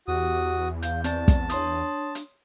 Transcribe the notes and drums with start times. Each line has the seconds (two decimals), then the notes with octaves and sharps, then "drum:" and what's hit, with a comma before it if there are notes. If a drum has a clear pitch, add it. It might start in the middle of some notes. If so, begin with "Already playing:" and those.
0.08 E2 F#4 G4 D#6
0.83 F5 G6, drum: hi-hat
1.04 C4 D5 A5, drum: hi-hat
1.28 drum: kick, hi-hat
1.50 D4 C#5 C6 D#6, drum: hi-hat
2.15 drum: hi-hat